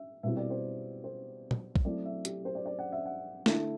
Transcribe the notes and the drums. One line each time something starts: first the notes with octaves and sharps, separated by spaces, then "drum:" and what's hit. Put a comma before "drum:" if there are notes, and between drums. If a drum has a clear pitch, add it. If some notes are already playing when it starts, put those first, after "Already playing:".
Already playing: E5
B2 G3 C4 E4 E5
D5
C5
C5
drum: tom A#2
drum: kick
F#3 A3 C4 E4 D5
E5
G4, drum: hi-hat
C5
D5
D5
F#5
E5
F#5
D3 A3 E4, drum: snare